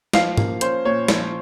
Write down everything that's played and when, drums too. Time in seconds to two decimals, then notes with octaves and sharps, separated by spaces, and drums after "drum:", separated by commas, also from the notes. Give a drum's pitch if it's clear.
0.13 F3 F5, drum: snare
0.38 A#3, drum: tom G#2
0.61 C#4 C5, drum: hi-hat
0.85 A#2 C#5
1.08 F3, drum: snare